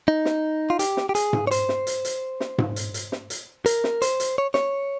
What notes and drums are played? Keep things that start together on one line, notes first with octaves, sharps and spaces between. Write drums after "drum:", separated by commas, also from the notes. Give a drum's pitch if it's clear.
D#4
drum: snare
F4
G4, drum: hi-hat
drum: snare
G4
G#4, drum: hi-hat
drum: tom G#2
C#5
C5, drum: hi-hat
drum: snare
drum: hi-hat
drum: hi-hat
drum: snare
drum: tom G#2
drum: hi-hat
drum: hi-hat
drum: snare
drum: hi-hat
A#4, drum: hi-hat
drum: snare
C5, drum: hi-hat
drum: hi-hat
C#5
C#5, drum: snare